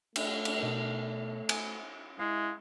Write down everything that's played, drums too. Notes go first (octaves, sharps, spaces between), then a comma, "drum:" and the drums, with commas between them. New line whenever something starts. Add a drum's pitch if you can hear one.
A3, drum: cymbal
drum: cymbal
B2 D#4 A#4
G#5, drum: cymbal
G#3 E4 F5